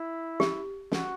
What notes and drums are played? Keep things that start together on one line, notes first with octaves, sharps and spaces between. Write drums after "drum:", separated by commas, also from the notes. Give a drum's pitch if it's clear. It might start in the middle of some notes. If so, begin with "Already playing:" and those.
Already playing: E4
G4, drum: snare
F#4, drum: snare